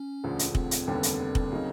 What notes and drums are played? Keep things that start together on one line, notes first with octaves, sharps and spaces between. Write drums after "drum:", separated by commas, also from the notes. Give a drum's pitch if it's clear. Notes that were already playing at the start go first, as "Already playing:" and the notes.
Already playing: C#4
E1 D2 D3 F3
drum: hi-hat
C4, drum: kick
drum: hi-hat
F1 D#2 D3 G3 B3
drum: hi-hat
drum: kick
C#3 F#3 A#3 D#4